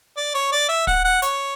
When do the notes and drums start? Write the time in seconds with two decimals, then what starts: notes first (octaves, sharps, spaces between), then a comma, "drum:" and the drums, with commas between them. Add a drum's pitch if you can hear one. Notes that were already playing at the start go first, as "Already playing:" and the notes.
0.17 D5
0.34 C#5
0.52 D5
0.69 E5
0.87 F#5, drum: kick
1.05 F#5
1.22 C#5, drum: hi-hat